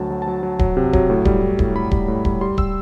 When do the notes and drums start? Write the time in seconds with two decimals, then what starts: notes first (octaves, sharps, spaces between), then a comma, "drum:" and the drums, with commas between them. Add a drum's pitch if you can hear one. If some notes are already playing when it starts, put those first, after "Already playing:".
Already playing: D2 F#3 A5
0.10 F#3
0.22 A5
0.27 F#3
0.43 F#3
0.59 F#3, drum: kick D1
0.77 C3
0.93 F#3, drum: kick D1
1.10 A2
1.25 G3, drum: kick D1
1.42 A2
1.59 A2, drum: kick D1
1.75 A2 B5
1.91 G3, drum: kick D1
2.08 A2
2.25 G3, drum: kick D1
2.41 G3 C6
2.58 G3 E6, drum: kick D1